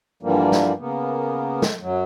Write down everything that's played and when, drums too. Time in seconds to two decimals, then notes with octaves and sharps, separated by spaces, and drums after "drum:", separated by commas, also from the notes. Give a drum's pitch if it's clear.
0.23 G2 D3 E3 F3 G3 A#3
0.52 drum: snare
0.80 C#3 A#3 B3
1.62 drum: snare
1.81 F#2 F#3